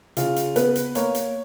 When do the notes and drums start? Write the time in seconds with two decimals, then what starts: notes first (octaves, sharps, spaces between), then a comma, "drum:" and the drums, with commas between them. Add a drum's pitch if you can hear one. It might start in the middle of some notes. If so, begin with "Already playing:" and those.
0.17 C#3 F4, drum: hi-hat
0.36 drum: hi-hat
0.56 B3 B4, drum: hi-hat
0.75 drum: hi-hat
0.95 A#3 C#5, drum: hi-hat
1.15 drum: hi-hat